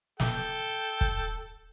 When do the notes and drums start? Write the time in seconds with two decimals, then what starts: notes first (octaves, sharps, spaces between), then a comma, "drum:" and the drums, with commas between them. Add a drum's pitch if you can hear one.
0.20 A4 G5, drum: snare
1.01 drum: kick